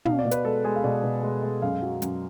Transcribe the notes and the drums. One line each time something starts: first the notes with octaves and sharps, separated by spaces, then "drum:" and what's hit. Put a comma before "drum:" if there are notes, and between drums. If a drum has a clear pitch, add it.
B2 F5, drum: tom
D5
B2
B4, drum: hi-hat
G#3 A4
G#3 G#4
F5
B2 D5
B2
G#3
G#3
F#2 F5
F#3
F#2, drum: hi-hat